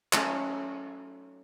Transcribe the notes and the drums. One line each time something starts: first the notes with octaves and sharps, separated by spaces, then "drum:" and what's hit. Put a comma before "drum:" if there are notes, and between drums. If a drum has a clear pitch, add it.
F#3 A3 C#4 D#4, drum: clap